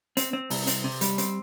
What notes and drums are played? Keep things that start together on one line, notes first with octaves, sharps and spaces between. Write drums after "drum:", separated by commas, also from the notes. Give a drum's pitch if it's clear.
C4, drum: hi-hat
C4
C2, drum: open hi-hat
C4, drum: hi-hat
C3
G3, drum: hi-hat
C4, drum: hi-hat